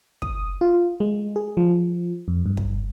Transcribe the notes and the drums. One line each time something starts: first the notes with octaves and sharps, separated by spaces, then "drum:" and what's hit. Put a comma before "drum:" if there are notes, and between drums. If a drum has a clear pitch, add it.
D#6, drum: kick
F4
G#3
G#4
F3
F2
G2
drum: kick